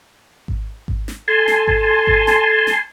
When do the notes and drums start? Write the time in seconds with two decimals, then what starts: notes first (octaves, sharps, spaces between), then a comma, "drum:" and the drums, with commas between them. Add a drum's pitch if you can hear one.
0.48 drum: kick G#1
0.88 drum: kick G#1
1.08 drum: snare
1.28 A4 G#5 A5 C6
1.48 drum: snare
1.68 drum: kick G#1
2.07 drum: kick G#1
2.27 drum: snare
2.67 drum: snare